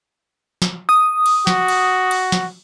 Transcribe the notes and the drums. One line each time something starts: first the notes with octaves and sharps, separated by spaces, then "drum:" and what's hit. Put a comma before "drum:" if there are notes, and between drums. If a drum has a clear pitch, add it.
drum: snare
D#6
drum: cymbal
F#4, drum: snare
drum: cymbal
drum: cymbal
drum: snare